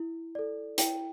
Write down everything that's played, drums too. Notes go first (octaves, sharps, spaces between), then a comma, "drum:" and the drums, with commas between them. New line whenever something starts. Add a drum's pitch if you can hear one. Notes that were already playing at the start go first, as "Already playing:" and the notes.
Already playing: E4
A4 D5
E4 G5, drum: hi-hat